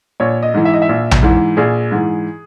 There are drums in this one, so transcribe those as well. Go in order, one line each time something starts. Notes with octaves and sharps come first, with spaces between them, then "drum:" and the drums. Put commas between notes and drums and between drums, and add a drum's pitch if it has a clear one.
A#1 C#5
D#5
G#2 E3
E5
D#5
E5
A#1
drum: tom A#1
G#2 E3
A#1 G#4
G#2 E3